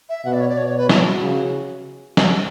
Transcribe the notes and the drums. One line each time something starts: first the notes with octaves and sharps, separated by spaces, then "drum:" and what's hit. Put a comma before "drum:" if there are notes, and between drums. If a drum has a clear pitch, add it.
E5
B2 F#5
D5
C#5
D5
B2 C#5
C#5
B4
E4, drum: snare
F#4
C#3
drum: snare